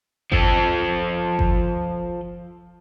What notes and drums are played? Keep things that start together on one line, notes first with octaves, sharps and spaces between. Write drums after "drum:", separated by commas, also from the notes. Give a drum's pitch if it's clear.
F3 A4, drum: kick G1
drum: kick G1